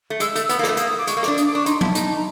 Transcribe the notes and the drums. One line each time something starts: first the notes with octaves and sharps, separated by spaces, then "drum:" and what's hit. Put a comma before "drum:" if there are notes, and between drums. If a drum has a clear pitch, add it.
A3
G#3 E6, drum: hi-hat
A3, drum: hi-hat
B3 D#6, drum: hi-hat
A#3
A3 E6, drum: rim click
A#3 D#6, drum: hi-hat
D#6
D6
G#3 C#6, drum: hi-hat
A#3
D4 D6, drum: rim click
D#6, drum: hi-hat
D6
D4 C#6
D#4 C6, drum: hi-hat
E4 A5, drum: tom
D#4, drum: hi-hat
A#5